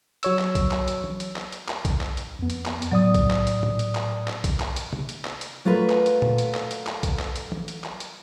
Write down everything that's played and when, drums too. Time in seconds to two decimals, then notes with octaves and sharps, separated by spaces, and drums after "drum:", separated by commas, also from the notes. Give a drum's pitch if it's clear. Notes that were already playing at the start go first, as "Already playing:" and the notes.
0.23 F#3 C#5 E6, drum: hi-hat
0.39 drum: clap
0.55 drum: kick B1, hi-hat
0.71 drum: clap
0.88 drum: hi-hat
1.04 drum: tom
1.20 drum: hi-hat
1.36 drum: clap
1.52 drum: hi-hat
1.69 drum: clap
1.85 drum: kick B1, hi-hat
2.01 drum: clap
2.17 drum: hi-hat
2.39 F2 B3
2.50 drum: hi-hat
2.66 drum: clap
2.82 drum: hi-hat
2.91 A2 F#3 D5 D#6
3.14 drum: kick B1, hi-hat
3.31 drum: clap
3.47 drum: hi-hat
3.63 drum: tom
3.79 drum: hi-hat
3.95 drum: clap
4.28 drum: clap
4.44 drum: kick B1, hi-hat
4.60 drum: clap
4.76 drum: hi-hat
4.93 drum: tom
5.09 drum: hi-hat
5.25 drum: clap
5.41 drum: hi-hat
5.65 F#3 A3 F4 A#4 B4
5.90 drum: clap
6.06 drum: hi-hat
6.22 drum: tom
6.38 drum: hi-hat
6.55 drum: clap
6.71 drum: hi-hat
6.87 drum: clap
7.03 drum: kick B1, hi-hat
7.19 drum: clap
7.36 drum: hi-hat
7.52 drum: tom
7.68 drum: hi-hat
7.84 drum: clap
8.00 drum: hi-hat